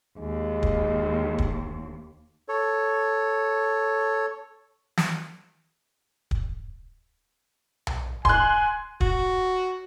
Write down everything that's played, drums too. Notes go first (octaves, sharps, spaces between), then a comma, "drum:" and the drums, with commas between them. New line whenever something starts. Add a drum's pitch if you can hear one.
D#2 G#3
drum: kick
drum: kick
A4 C#5
drum: snare
drum: kick
drum: tom B1
G#5 C6 F#6, drum: kick
F#4, drum: kick